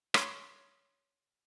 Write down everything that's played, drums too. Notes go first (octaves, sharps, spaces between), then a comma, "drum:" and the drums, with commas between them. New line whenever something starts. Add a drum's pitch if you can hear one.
C#5 B5 C6, drum: rim click